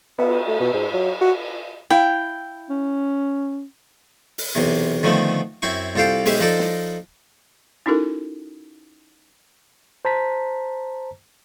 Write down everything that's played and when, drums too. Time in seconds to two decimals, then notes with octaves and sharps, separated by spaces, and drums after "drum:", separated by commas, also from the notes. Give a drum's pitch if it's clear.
0.19 B3, drum: cymbal
0.48 A3
0.60 B2
0.74 G#2
0.93 F#3
1.21 F#4
1.90 E4 F5 G5
2.70 C#4
4.38 drum: open hi-hat
4.55 B1 E2 C3
5.03 D3 D#3 F3 A3 B3 C4
5.62 F#2 C4 E4 C5 C#6
5.95 C2 F4 A4 C5 F5 G5
6.26 B1 G#3 G4 C5 E5, drum: open hi-hat
6.40 F3 D#4 A4 D5
6.59 drum: snare
7.86 C#4 D#4 E4 F#4 A4 A#4
10.05 C5 A5 A#5 B6